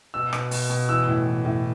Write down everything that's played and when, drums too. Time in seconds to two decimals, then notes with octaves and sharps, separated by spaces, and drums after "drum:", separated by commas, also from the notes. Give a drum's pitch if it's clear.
0.14 B2 E6
0.33 B2, drum: rim click
0.51 B2, drum: open hi-hat
0.70 B2
0.89 E3 E6
1.08 A2
1.26 E3
1.45 A2